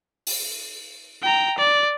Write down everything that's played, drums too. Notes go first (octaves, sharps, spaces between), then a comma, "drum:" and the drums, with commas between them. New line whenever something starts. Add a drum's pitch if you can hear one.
drum: open hi-hat
G5 A#5
D5